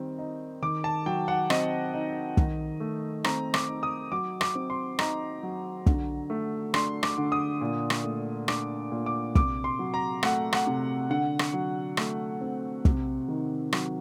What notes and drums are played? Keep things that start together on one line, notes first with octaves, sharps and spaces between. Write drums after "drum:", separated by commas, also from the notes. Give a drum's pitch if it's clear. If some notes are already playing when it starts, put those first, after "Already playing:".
Already playing: D#3 G3 C4
D#4
D#3 D6
A5
F#3 G5
F#5
C4 D#5, drum: rim click
D#4
D#3, drum: kick
A3
C4 A#5, drum: rim click
D6, drum: rim click
D#4
D#6
F#3 D6
D6, drum: rim click
C4
C6
D#4 A#5, drum: rim click
F#3
D3, drum: kick
A3
D4 C6, drum: rim click
D6, drum: rim click
D3
D#6
A#2
drum: rim click
A3
D4 D6, drum: rim click
A#2
D6
C3 D6, drum: kick
C6
F#3
A#5
A3 F#5, drum: rim click
F#5, drum: rim click
C3
D3 F#5
drum: rim click
F#3
A3, drum: rim click
C4
C3, drum: kick
D#3
F#3, drum: rim click